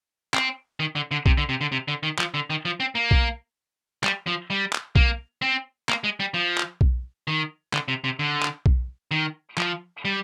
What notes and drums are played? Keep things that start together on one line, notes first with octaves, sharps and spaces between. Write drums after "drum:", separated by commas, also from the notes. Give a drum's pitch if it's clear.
C4, drum: clap
D#3
D3
D3
C3, drum: kick B1
D3
C3
D3
C3
D3
D#3
F3, drum: clap
D3
D#3
F3
C4
A#3
drum: kick B1
G3, drum: clap
F3
G3
drum: clap
A#3, drum: kick B1
C4
A#3, drum: clap
G#3
G3
F3
drum: clap
drum: kick B1
D#3
D3, drum: clap
C3
C3
D3
drum: clap
drum: kick B1
D#3
F3, drum: clap
G3